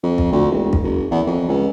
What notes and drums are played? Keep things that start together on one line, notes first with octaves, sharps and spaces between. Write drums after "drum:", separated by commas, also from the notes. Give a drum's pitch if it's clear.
F2
drum: kick
D2
E1
drum: kick
F#1
E2
F2
C#2